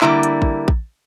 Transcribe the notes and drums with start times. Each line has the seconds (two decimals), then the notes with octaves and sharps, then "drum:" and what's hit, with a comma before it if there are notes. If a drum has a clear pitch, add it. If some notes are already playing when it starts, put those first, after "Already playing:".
0.02 D3 G3 A#3 E4, drum: clap
0.23 drum: hi-hat
0.42 drum: kick A1
0.68 drum: kick A1